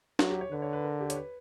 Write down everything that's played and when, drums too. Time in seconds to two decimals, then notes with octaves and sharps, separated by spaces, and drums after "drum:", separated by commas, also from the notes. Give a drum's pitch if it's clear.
0.19 F#3 F#4, drum: snare D4
0.30 G4
0.41 C#5
0.51 D3 B4
0.62 C#5
0.73 B4
0.84 A#4
1.01 G4
1.10 C#5, drum: hi-hat
1.16 B4